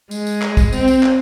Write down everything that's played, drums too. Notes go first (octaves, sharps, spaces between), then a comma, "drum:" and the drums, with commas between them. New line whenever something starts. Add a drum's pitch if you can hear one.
G#3, drum: tambourine
drum: tambourine
drum: clap
drum: kick, tambourine
C4, drum: tambourine
drum: tambourine
drum: clap